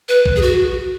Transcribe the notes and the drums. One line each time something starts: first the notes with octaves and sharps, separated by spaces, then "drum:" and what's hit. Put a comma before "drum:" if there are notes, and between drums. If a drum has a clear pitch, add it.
B4
drum: kick A#1
G#4
F#4